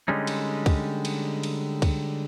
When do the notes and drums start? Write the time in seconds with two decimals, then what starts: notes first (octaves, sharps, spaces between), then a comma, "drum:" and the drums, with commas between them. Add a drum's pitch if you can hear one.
0.08 D3 G3 G#3 C#4 D#4
0.27 drum: cymbal
0.66 drum: kick, cymbal
1.05 drum: cymbal
1.43 drum: cymbal
1.82 drum: kick, cymbal